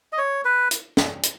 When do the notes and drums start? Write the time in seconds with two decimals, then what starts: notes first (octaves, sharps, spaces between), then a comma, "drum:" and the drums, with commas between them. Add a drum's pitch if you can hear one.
0.12 D#5
0.18 C#5
0.45 B4
0.71 drum: hi-hat
0.97 drum: snare
1.23 drum: hi-hat